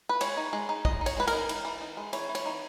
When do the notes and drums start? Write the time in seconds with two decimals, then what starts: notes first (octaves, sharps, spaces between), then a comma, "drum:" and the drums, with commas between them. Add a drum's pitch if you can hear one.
0.09 B4
0.21 G#3 C#5, drum: cymbal
0.37 D#4
0.53 G#3
0.69 D#4
0.85 G#3 D#5, drum: kick
1.01 D#4
1.06 C#5, drum: cymbal
1.17 G#3 B4
1.27 A#4, drum: cymbal
1.33 D#4
1.49 E3, drum: cymbal
1.65 E3
1.81 D#4
1.97 G#3
2.13 E3 C#5, drum: cymbal
2.29 E3
2.35 C#5, drum: cymbal
2.45 D#4